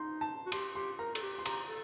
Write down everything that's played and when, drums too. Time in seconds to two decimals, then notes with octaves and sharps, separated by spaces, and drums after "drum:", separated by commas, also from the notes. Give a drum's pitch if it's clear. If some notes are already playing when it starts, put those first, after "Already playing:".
Already playing: D#4 C6
0.21 A5
0.46 F#4
0.52 G4 C6, drum: cymbal
0.75 G4 C6
0.99 A#4 A#5
1.15 A4, drum: cymbal
1.22 G4
1.39 C6
1.46 G4 A#5, drum: cymbal
1.68 A4